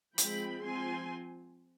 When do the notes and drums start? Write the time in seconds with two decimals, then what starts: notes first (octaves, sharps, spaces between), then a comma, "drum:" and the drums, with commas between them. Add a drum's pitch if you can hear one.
0.18 F3 G#3 C4 G5 B5, drum: hi-hat
0.65 F3 C4 G#5 C6